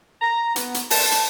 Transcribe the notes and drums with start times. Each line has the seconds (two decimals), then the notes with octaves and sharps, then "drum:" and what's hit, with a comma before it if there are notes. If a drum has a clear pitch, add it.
0.21 A#5
0.56 B3, drum: hi-hat
0.74 drum: hi-hat
0.90 A5, drum: open hi-hat
1.12 drum: hi-hat